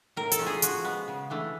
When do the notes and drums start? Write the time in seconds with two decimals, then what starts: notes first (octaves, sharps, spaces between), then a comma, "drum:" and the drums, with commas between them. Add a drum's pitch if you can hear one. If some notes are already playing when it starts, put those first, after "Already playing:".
0.16 A2 A#4
0.32 A4, drum: hi-hat
0.39 F3 G#3 C#4
0.46 G#4
0.62 F3 F#4, drum: hi-hat
0.84 G#3 B3
1.08 C#3
1.30 E3 A3 D4